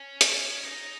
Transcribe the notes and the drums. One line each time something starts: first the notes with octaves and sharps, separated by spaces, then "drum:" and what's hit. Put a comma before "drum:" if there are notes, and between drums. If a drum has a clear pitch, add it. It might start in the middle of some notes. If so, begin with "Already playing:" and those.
Already playing: C#4
drum: hi-hat
D#4